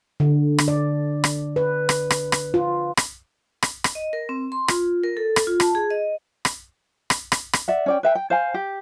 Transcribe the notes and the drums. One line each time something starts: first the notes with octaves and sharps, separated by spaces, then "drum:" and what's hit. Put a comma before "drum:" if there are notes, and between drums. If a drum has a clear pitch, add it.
D3
drum: rim click
D5
drum: rim click
B4
drum: rim click
drum: rim click
drum: rim click
F4
drum: rim click
drum: rim click
drum: rim click
D#5
A#4
C4
C6
F4, drum: rim click
A#4
A4
drum: rim click
F4
A5, drum: rim click
G#4
D#5
drum: rim click
drum: rim click
drum: rim click
drum: rim click
D5 E5 F#5
C#4 D5 G5
B4 E5 G5
G5
C5 F5 G#5
G4